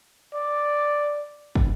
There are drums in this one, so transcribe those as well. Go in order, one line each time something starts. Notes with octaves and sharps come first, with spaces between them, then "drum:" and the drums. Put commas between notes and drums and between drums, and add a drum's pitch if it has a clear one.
D5
drum: kick